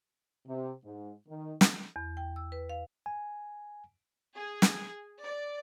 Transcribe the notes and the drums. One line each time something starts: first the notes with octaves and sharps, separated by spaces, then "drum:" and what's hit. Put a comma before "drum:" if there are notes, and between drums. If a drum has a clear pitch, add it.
C3
G#2
D#3
drum: snare
E2
G5
E6
B4
F5
G#5
G#4
drum: snare
D5